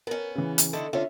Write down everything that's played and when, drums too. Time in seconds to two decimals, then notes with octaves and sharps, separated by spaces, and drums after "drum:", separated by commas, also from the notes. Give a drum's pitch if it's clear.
0.07 B3 C#4 A#4
0.35 C#3 E3
0.58 drum: hi-hat
0.73 D3 D#3 E4 A4
0.93 D3 C#4 F4 C#5 E5